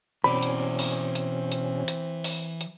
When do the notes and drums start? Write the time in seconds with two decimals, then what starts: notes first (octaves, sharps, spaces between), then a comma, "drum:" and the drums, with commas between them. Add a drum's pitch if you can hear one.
0.24 B2 E3 C4 C#4 D5 B5
0.43 drum: hi-hat
0.79 drum: open hi-hat
1.15 drum: hi-hat
1.52 drum: hi-hat
1.88 drum: hi-hat
2.24 drum: open hi-hat
2.61 drum: hi-hat